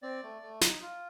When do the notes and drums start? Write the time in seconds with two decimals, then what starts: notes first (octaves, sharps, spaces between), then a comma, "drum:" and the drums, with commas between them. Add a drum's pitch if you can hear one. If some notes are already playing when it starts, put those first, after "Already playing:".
0.02 C4 D5
0.23 A3
0.42 A3
0.61 D#4, drum: snare
0.82 F4